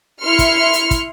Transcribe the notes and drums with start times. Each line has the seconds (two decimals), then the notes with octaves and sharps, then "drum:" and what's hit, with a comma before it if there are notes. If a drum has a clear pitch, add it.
0.21 E4 C6 F6 C#7
0.39 drum: kick, hi-hat
0.73 drum: hi-hat
0.91 drum: kick, hi-hat